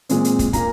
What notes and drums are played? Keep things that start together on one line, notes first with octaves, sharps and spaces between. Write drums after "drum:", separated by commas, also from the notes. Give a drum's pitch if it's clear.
A#2 G#3 C4, drum: hi-hat
drum: hi-hat
drum: kick, hi-hat
A#2 A#3 A#5, drum: kick, hi-hat